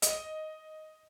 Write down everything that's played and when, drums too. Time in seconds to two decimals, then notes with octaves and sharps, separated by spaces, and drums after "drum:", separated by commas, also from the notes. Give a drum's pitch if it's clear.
0.02 D#5, drum: hi-hat